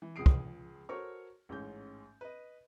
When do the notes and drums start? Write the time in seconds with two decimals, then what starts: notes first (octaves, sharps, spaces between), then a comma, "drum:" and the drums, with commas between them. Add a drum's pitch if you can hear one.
0.02 E3
0.16 C#2 F3 G#4 D#6 C7 D7
0.26 drum: kick
0.89 F#4 A4 A#4 C5 C#5 C#6
1.49 A1 G#2 C#4 G6
2.21 B4 D#5